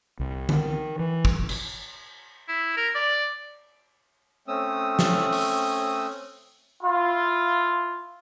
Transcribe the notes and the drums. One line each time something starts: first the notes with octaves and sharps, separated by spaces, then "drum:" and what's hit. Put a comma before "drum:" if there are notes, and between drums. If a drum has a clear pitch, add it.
C2
D#3, drum: tom D3
E3
drum: kick
drum: cymbal
E4
A#4
D5
A3 C4 C#4 D#6 E6
drum: snare
drum: open hi-hat
E4 F4